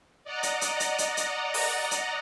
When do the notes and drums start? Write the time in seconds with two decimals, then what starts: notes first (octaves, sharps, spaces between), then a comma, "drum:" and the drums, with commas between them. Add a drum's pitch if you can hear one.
0.24 D5 D#5 F#5 A#5
0.43 drum: hi-hat
0.61 drum: hi-hat
0.80 drum: hi-hat
0.98 drum: hi-hat
1.17 drum: hi-hat
1.54 drum: open hi-hat
1.91 drum: hi-hat